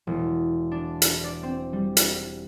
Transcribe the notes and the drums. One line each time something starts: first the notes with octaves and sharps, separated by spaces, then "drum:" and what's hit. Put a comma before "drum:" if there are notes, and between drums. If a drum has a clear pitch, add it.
E1
D4
drum: hi-hat
D5
C4
G3
drum: hi-hat